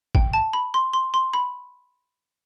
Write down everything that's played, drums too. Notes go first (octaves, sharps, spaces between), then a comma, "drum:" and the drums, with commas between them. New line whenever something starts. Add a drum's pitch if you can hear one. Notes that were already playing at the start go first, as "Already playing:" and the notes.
G5, drum: kick
A5
B5
C6
C6
C6
B5